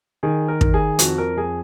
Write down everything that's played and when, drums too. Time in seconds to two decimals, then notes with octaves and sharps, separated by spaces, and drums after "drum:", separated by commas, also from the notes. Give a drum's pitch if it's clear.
0.23 D#3 G#4
0.48 A#4
0.61 D#3, drum: kick
0.74 G#4
0.99 F2 F#4, drum: hi-hat
1.18 A#4
1.37 F2 G#4